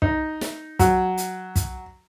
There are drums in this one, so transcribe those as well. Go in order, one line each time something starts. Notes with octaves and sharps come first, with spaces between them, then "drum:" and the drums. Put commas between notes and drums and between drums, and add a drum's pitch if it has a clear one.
D#4, drum: kick
drum: snare
F#3, drum: kick, hi-hat
drum: hi-hat
drum: kick, hi-hat